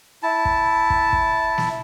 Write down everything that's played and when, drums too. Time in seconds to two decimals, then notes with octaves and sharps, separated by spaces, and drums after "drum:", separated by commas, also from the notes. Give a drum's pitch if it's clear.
0.23 E4 A5
0.45 drum: kick
0.90 drum: kick
1.13 drum: kick
1.58 drum: snare